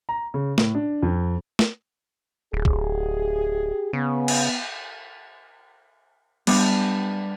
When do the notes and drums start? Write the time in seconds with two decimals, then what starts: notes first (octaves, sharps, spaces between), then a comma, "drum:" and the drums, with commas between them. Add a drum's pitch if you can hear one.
0.09 A#5
0.34 C#3
0.58 A2, drum: snare
0.75 D4
1.03 F2
1.59 drum: snare
2.53 D1 G4 G#4
2.65 drum: kick
3.93 C#3 B3
4.28 drum: cymbal
6.47 G3 B3 D4, drum: cymbal